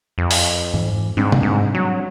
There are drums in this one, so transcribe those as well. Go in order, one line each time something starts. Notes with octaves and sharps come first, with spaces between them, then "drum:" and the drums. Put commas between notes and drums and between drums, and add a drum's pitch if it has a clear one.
F2
drum: open hi-hat
G#2 E3
G#2 G3 C4 D4
drum: tom C3
G#2
F#3